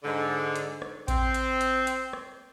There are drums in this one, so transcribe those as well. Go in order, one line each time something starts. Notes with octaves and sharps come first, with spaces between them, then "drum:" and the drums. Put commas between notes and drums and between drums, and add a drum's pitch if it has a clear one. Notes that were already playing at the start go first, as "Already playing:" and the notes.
G#2 D3
drum: hi-hat
drum: rim click
C4, drum: kick A1, hi-hat
drum: hi-hat
drum: hi-hat
drum: hi-hat
drum: rim click